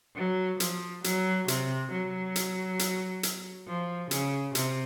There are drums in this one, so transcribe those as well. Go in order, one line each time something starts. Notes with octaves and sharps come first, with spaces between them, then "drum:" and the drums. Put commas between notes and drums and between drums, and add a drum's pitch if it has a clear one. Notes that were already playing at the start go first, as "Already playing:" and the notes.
F#3
F3, drum: hi-hat
F#3, drum: hi-hat
C3, drum: hi-hat
F#3
drum: hi-hat
drum: hi-hat
drum: hi-hat
F3
C#3, drum: hi-hat
C3, drum: hi-hat